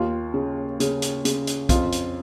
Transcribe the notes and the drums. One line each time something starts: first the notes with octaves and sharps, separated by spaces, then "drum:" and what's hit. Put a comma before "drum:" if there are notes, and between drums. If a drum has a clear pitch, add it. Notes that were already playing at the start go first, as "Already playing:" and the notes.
Already playing: D#2 F4
C#3
C#3, drum: hi-hat
drum: hi-hat
C#3, drum: hi-hat
drum: hi-hat
F2 F4, drum: kick, hi-hat
drum: hi-hat